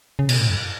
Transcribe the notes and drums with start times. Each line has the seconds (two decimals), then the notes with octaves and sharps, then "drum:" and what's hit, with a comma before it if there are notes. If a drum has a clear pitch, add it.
0.19 C#3
0.29 B2, drum: cymbal
0.39 A2
0.50 F#2